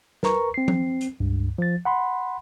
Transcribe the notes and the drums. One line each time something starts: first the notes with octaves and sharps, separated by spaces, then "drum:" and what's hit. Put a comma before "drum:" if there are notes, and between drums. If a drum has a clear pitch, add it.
A#4 B4 A#5 C#6, drum: snare
C4 C7
drum: tom F3
drum: hi-hat
C#2 G2
F3 A6
F#5 B5 C6